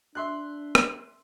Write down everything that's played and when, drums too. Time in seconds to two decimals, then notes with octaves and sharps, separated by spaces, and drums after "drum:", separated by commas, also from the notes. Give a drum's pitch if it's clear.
0.15 D4 E5 C6 F#6
0.75 drum: rim click